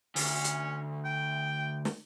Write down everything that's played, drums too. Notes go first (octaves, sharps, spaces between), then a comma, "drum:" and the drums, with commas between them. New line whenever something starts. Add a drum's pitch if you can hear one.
D2 C#4, drum: open hi-hat
drum: hi-hat
G5
drum: snare